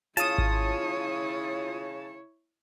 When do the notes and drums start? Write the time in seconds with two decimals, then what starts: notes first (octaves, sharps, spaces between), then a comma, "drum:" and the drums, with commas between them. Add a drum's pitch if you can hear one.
0.17 C#3 E4 F4 C#5 A5 D#6, drum: hi-hat
0.38 drum: kick G#1